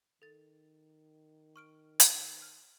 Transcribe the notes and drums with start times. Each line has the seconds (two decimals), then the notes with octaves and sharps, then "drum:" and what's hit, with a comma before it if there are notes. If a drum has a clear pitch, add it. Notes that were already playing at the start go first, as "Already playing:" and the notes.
0.22 D#3 A4 A6
1.56 C#6 F6 D7
2.00 drum: hi-hat
2.42 F6